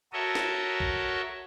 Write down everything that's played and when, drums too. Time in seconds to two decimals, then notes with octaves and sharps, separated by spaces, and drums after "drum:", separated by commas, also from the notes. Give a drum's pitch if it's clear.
0.13 F#4 A4 A#4 C#5 D#5 E5
0.35 drum: snare
0.80 drum: kick A#1